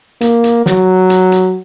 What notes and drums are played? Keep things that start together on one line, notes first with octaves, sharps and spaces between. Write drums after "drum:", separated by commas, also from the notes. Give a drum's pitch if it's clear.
A#3, drum: hi-hat
drum: hi-hat
F#3, drum: snare
drum: hi-hat
drum: hi-hat